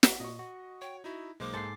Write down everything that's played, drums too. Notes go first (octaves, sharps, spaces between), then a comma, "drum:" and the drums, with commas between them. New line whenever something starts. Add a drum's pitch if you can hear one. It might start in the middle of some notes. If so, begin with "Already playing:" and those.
drum: snare
A#2 D#5 C#6
F#4
C#5 G5
D#4 E4 F#4
B1 G#3 A#3 C5 D6
G#2 A4 C5 A6 C7